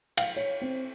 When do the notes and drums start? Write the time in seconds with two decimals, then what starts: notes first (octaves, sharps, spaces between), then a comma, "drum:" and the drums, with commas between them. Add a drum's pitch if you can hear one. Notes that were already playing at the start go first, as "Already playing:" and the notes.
0.17 F5, drum: cymbal
0.36 C#5
0.61 C4